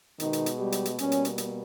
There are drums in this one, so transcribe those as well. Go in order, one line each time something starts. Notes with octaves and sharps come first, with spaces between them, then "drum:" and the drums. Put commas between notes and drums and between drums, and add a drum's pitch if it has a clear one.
B2 D#3 G#3 B3 D#4, drum: hi-hat
drum: hi-hat
drum: hi-hat
G3 G4
drum: hi-hat
drum: hi-hat
B2 G3 A#3 C#4, drum: hi-hat
drum: hi-hat
drum: hi-hat
drum: hi-hat